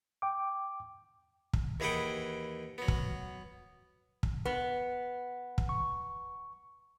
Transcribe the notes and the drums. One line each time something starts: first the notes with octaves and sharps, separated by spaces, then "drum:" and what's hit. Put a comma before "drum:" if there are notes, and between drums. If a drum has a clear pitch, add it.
G5 D6
drum: kick
D#2 E3 G#4 B4 F#5 G5
F#3 B3
drum: kick
drum: kick
B3
drum: kick
C#6